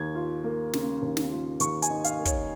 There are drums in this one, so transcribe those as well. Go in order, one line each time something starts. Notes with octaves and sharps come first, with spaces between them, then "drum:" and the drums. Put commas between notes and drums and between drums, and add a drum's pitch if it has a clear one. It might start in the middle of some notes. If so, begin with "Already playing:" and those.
Already playing: D#2 G#6
F4
A#3
C#3, drum: snare
D#2
drum: snare
F4
D#2 C#6, drum: hi-hat
G#5, drum: hi-hat
D#4
F5, drum: hi-hat
A#3
C#5, drum: kick, hi-hat